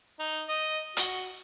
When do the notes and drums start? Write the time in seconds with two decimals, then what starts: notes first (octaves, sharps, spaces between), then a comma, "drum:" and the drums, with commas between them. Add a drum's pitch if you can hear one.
0.20 D#4
0.48 D#5
0.97 F#4, drum: hi-hat